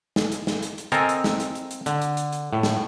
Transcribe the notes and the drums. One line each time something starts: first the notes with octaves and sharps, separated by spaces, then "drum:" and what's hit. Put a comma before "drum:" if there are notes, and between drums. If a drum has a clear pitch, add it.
drum: snare
drum: hi-hat
drum: snare
drum: hi-hat
drum: hi-hat
C4 A4 A#4 D#5 G#5 A#5, drum: hi-hat
drum: hi-hat
drum: snare
drum: hi-hat
drum: hi-hat
drum: hi-hat
D3, drum: hi-hat
drum: hi-hat
drum: hi-hat
drum: hi-hat
A2
drum: snare